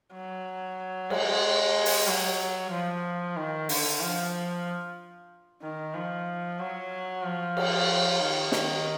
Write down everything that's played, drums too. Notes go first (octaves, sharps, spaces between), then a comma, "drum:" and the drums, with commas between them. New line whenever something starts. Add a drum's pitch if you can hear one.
F#3
G#3, drum: cymbal
drum: open hi-hat
F#3
F3
D#3
D3, drum: open hi-hat
F3
D#3
F3
F#3
F3
drum: cymbal
D#3
D#3, drum: snare